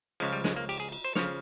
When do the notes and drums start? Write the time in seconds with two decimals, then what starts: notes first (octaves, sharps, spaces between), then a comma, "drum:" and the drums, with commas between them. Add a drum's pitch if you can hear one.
0.20 C#2 C#3 F3 G#3, drum: cymbal
0.33 G3
0.44 G#3, drum: snare
0.57 A#3
0.69 G4, drum: cymbal
0.80 G#4
0.92 drum: cymbal
1.04 C5
1.15 C#3 F3 C#5, drum: snare